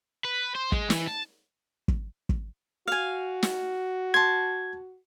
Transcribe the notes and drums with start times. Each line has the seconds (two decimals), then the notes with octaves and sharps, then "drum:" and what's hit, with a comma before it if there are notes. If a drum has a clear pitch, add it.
0.25 B4
0.55 C5
0.72 G#3, drum: kick
0.90 E3, drum: snare
1.08 A5
1.88 drum: kick
2.29 drum: kick
2.88 F#4 F5 G#5
3.43 drum: snare
4.14 A5 C6 G#6